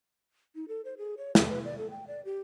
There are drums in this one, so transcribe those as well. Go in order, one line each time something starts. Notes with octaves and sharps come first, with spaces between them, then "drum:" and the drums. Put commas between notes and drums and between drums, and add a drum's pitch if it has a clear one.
D#4
A4
C5
G#4
C#5
G4, drum: snare
B4
D5
A4
G5
D5
G4